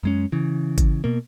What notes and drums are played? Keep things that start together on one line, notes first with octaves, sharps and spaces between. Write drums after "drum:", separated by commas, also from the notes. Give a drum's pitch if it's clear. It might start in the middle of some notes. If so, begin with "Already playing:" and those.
F#2 G#3 C#4
C#3 E3
drum: kick G#1, hi-hat
B2 A#3